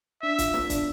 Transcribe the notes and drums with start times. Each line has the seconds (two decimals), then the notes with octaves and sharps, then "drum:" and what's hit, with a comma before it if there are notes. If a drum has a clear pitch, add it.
0.22 D4 E5
0.38 F4, drum: kick, hi-hat
0.54 B3, drum: snare
0.70 D4, drum: kick, hi-hat